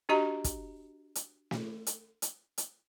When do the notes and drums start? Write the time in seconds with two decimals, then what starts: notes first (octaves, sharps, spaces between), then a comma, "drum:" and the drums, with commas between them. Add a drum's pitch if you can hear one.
0.09 D4 F#4 G4 D#5 A#5
0.44 drum: kick, hi-hat
1.15 drum: hi-hat
1.51 drum: snare
1.87 drum: hi-hat
2.22 drum: hi-hat
2.58 drum: hi-hat